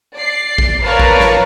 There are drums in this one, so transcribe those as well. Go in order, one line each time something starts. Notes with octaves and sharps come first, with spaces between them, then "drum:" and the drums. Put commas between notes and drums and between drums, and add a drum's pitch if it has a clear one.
D5 C7
drum: kick A1
A#4 B4 C#5 D5 F5 A5
drum: kick A1
drum: snare